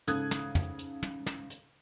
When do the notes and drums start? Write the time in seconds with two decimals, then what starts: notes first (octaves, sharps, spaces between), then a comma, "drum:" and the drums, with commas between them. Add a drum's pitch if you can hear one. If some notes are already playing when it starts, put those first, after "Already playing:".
0.07 G#2 C#3 A4 D#6 F#6 G#6, drum: hi-hat
0.31 drum: snare
0.55 drum: tom
0.79 drum: hi-hat
1.03 drum: tom
1.26 drum: snare
1.50 drum: hi-hat